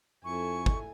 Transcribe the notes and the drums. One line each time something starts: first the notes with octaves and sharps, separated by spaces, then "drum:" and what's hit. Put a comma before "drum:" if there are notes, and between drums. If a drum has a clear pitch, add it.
F2 E4 A4 G#5 C#6
drum: kick